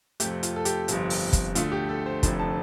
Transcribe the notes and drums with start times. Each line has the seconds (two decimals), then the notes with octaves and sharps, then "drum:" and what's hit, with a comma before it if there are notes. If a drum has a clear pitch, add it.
0.20 F2 C3 A3 G4, drum: hi-hat
0.43 F4, drum: hi-hat
0.56 A4
0.65 G4, drum: hi-hat
0.88 G1 F2 C3 F3, drum: hi-hat
1.10 drum: open hi-hat
1.33 drum: kick, hi-hat
1.55 D2 D3 A3 F4, drum: hi-hat
1.72 G4
1.89 A4
2.06 C5
2.23 F1 F2 D3 F3 A3 C5, drum: kick, hi-hat
2.39 A5